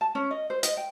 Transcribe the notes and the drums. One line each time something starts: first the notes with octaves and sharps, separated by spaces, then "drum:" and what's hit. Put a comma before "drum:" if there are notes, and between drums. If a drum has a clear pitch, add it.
A5
C#4
D#5
C5
D#5, drum: hi-hat
G5